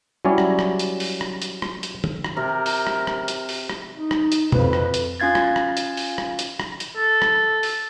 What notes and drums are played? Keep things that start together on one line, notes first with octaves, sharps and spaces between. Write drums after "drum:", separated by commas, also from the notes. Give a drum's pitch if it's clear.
F#3 G3 C#4 E4 C#5 D5
drum: rim click
drum: rim click
drum: hi-hat
drum: open hi-hat
drum: rim click
drum: hi-hat
drum: rim click
drum: hi-hat
drum: tom
drum: rim click
C3 A#4
drum: open hi-hat
drum: rim click
drum: rim click
drum: hi-hat
drum: open hi-hat
drum: rim click
D#4
drum: rim click
drum: hi-hat
F2 B4, drum: tom
drum: rim click
drum: hi-hat
C#4 F4 F5 G#6 A6
drum: rim click
drum: rim click
drum: hi-hat
drum: open hi-hat
drum: rim click
drum: hi-hat
drum: rim click
drum: hi-hat
A4
drum: rim click
drum: open hi-hat